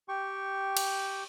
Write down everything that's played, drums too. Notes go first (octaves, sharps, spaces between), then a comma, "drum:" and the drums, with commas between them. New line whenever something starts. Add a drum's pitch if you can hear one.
G4 G5 C#6
drum: cymbal